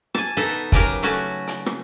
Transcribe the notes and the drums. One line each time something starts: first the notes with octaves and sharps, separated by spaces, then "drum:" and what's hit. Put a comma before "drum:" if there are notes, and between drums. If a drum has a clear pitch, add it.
G#5 A5, drum: rim click
B2 D#4 A4 E5 F#5
C#3 F#3 G4 A#4, drum: kick, hi-hat
F#3 A3 C#4 F#4
drum: hi-hat
drum: rim click